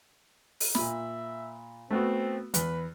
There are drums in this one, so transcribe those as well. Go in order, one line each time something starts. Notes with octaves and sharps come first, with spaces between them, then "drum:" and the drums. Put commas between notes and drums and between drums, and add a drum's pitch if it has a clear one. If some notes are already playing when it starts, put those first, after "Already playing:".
drum: open hi-hat
A#2 E5 B5, drum: snare
A3 B3 C4 F#4
E2 B4, drum: hi-hat